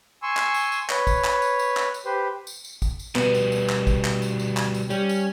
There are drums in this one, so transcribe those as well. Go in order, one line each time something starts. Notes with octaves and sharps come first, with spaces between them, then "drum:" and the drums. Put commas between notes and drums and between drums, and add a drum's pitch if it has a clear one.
G#5 C6 C#6 E6
drum: clap
drum: tambourine
drum: tambourine
B4 C#5, drum: clap
drum: kick, tambourine
drum: clap
drum: tambourine
drum: tambourine
drum: clap
drum: tambourine
G4 B4 C5
drum: tambourine
drum: tambourine
drum: kick, tambourine
drum: tambourine
B2 G3 B3, drum: clap
drum: tambourine
drum: tambourine
drum: clap
drum: kick, tambourine
drum: clap
drum: tambourine
drum: tambourine
drum: clap
drum: tambourine
G3 C#4, drum: tambourine
drum: tambourine